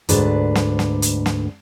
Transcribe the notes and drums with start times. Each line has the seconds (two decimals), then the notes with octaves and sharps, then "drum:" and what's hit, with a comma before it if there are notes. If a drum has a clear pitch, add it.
0.09 D2 G#2 D4 B4, drum: hi-hat
0.55 drum: snare
0.79 drum: snare
1.02 drum: hi-hat
1.26 drum: snare